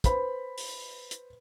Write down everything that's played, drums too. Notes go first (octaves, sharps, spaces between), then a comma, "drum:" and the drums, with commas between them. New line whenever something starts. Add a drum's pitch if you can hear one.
B4 C5 B5, drum: kick, hi-hat
drum: open hi-hat
drum: hi-hat